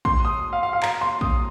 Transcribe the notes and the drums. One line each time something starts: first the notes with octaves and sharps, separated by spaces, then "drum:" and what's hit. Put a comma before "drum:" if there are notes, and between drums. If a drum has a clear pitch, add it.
C6, drum: kick A#1
D#6
F5
F5
F5
A#5, drum: clap
C6
D#6, drum: kick A#1